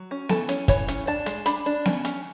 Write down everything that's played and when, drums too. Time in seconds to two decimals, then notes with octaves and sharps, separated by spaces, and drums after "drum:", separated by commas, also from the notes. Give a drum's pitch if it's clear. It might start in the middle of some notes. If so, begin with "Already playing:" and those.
Already playing: F#3
0.11 C#4
0.29 E3 A4, drum: snare B3
0.49 C#4, drum: hi-hat
0.68 E3 C#5, drum: kick, hi-hat
0.88 C#4, drum: hi-hat
1.07 D4 A5
1.26 G#3, drum: hi-hat
1.46 D4 B5, drum: hi-hat
1.66 D4
1.85 C#4, drum: snare B3
2.05 C#4, drum: hi-hat